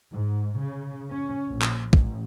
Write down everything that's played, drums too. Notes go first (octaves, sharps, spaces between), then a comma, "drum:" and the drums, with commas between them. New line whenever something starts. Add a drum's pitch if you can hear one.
G#2
C#3
C#4
A#1
drum: clap
A1, drum: kick